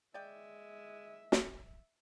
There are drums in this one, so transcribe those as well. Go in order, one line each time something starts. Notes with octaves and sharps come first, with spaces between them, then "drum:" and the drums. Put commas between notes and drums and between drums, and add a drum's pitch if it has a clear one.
G#3 D5 E5 G5
drum: snare